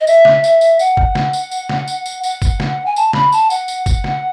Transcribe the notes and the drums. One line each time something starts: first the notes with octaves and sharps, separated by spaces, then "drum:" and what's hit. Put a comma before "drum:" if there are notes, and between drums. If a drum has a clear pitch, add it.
D#5
E5, drum: tambourine
drum: snare
E5, drum: tambourine
drum: tambourine
F#5, drum: tambourine
drum: kick G1
drum: snare
drum: tambourine
drum: tambourine
drum: snare
drum: tambourine
drum: tambourine
F#5, drum: tambourine
drum: kick G1, tambourine
drum: snare
G#5
A5, drum: tambourine
B5, drum: snare
A5, drum: tambourine
F#5, drum: tambourine
drum: tambourine
drum: kick G1, tambourine
drum: snare